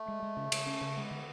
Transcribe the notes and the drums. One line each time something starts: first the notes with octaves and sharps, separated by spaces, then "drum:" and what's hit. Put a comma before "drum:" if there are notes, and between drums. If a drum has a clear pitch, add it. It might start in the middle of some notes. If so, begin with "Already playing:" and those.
Already playing: A3
G#3
G#3
C#3
C#3, drum: cymbal
C#4
C#3
G#3 B3
D3